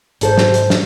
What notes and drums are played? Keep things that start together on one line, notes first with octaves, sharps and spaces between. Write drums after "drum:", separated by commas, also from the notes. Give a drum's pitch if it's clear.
G#2 A4 C5, drum: hi-hat
drum: snare
drum: hi-hat
drum: snare